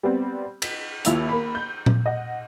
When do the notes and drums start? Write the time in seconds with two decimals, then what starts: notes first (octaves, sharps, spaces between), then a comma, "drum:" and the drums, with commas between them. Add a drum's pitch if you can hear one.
0.03 G3 B3 C4
0.62 B6, drum: cymbal
1.05 D#2 E4 F4 F7, drum: hi-hat
1.29 A#3 B5
1.55 G6
1.86 drum: tom A#2
2.06 D#5 F#5